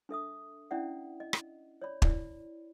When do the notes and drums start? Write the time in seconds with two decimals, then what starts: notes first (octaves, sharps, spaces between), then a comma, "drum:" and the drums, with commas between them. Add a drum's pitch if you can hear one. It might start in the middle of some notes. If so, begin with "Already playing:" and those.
0.09 D4 A4 E5 D#6
0.71 C#4 D4 E4 D5 E5 F#5
1.20 D#5
1.33 drum: rim click
1.82 C#5 D5 B5
2.02 E4 D5, drum: kick